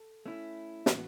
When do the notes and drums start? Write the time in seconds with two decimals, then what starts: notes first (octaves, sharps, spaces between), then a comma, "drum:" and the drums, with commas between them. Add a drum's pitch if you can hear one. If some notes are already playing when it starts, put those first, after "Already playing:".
Already playing: A4
0.26 A3 C#4 E4
0.86 A2 E3 B3 F#4, drum: snare